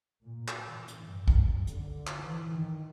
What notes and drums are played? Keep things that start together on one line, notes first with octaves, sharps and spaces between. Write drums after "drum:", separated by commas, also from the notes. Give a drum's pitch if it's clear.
A#2
drum: clap
E3
drum: hi-hat
G2
drum: kick
F#2
D3, drum: hi-hat
drum: clap
E3
D#3